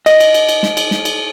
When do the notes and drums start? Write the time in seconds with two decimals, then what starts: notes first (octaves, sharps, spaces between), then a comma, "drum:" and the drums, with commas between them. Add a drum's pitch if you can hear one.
0.06 D#5, drum: cymbal
0.20 drum: cymbal
0.34 drum: cymbal
0.49 drum: cymbal
0.63 drum: snare
0.77 drum: cymbal
0.91 drum: snare
1.05 drum: cymbal